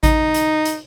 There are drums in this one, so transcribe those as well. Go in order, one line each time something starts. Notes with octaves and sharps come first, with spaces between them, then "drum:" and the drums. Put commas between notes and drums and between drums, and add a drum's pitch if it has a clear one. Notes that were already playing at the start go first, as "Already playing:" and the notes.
D#4, drum: kick A1, hi-hat
drum: hi-hat
drum: hi-hat